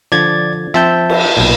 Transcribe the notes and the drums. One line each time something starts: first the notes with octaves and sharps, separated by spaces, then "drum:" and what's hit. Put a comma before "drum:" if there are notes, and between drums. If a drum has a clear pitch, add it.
D3 F3 D5 G#6 A6
F3 C4 E5 A5 G6
drum: cymbal
B1 A#2